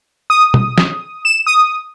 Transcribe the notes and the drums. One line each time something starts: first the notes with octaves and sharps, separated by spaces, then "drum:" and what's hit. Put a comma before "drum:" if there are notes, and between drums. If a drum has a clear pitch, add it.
D#6
drum: tom
drum: snare
E7
D#6